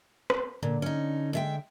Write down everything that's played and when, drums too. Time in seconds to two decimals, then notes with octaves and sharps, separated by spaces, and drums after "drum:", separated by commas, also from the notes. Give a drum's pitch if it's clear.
0.30 drum: rim click
0.63 A#2 D3
0.82 C#4 D#4
1.33 G#3 E5 G5